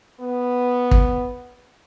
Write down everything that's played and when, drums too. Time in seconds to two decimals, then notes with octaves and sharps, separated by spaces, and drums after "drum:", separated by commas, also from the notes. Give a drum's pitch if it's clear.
0.21 B3
0.91 drum: kick